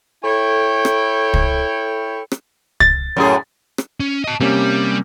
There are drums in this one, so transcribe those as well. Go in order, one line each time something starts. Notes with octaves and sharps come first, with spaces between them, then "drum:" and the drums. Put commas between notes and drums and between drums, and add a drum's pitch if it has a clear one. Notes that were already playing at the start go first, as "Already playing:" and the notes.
E4 A4 C#5 G5
drum: rim click
drum: kick
drum: rim click
A6, drum: kick
F#2 A2 G#4
drum: rim click
C#4
D#5 A5
C3 G3 A#3 C#4